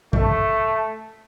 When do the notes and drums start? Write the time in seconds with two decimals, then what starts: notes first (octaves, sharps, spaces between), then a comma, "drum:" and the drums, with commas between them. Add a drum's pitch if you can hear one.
0.13 A3, drum: kick